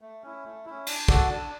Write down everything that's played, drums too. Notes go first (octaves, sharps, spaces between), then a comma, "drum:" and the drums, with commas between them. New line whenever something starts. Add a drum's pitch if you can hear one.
A3
C#4 E4
A3
C#4 E4
D4, drum: cymbal
F#4 A4 D5, drum: kick
D4